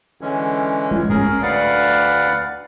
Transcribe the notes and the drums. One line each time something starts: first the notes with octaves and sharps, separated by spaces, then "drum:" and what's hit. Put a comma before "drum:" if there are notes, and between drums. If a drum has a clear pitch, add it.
D3 E3 G#3 C#4
drum: tom
C#4 G#4 A#4, drum: tom
D2 B4 D5 F5 F#5